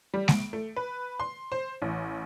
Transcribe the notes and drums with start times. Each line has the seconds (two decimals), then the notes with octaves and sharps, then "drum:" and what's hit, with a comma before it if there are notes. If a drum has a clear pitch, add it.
0.14 G3
0.28 D7, drum: snare G#3
0.53 A3
0.76 B4
1.20 C6
1.52 C5
1.82 A1